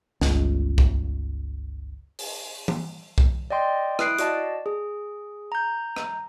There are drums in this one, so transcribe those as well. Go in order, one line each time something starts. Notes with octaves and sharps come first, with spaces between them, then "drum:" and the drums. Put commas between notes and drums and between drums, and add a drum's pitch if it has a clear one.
G1 C#2, drum: snare
drum: kick B1
drum: open hi-hat
drum: tom E3
drum: kick B1
D5 D#5 G5 C6
E4 D#6 F#6 C7 D7, drum: rim click
F#4 D5 D#5 A5, drum: hi-hat
G#4
A#5 G6
drum: rim click